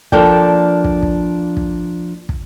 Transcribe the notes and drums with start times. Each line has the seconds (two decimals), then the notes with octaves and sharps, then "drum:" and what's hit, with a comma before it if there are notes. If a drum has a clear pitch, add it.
0.12 F3 A#3 D4 A4 D5 G5, drum: kick
0.84 drum: kick
1.02 drum: kick
1.57 drum: kick
2.29 drum: kick